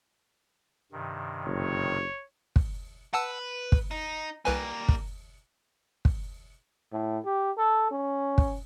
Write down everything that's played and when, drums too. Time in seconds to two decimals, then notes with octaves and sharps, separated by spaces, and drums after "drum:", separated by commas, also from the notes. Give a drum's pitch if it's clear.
0.92 G2 C3 D#3
1.45 F#1 C#5
2.56 drum: kick
3.14 B4 F#5 A5 E6
3.72 drum: kick
3.91 D#4
4.45 C2 G3 A#3 B4 G#5
4.89 drum: kick
6.05 drum: kick
6.92 A2
7.25 G4
7.58 A4
7.91 C#4
8.38 drum: kick